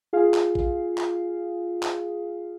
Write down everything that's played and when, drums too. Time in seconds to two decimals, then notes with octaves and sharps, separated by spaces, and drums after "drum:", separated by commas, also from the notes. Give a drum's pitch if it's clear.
0.13 F4 G#4 F5
0.34 drum: clap
0.55 drum: kick A1
0.98 drum: clap
1.83 drum: clap